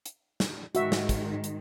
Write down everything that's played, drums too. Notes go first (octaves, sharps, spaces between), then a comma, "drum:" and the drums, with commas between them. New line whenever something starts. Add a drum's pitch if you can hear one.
drum: hi-hat
drum: snare
G#2 D#3 G#3 F#4 E5, drum: hi-hat
drum: snare
drum: kick, hi-hat
drum: hi-hat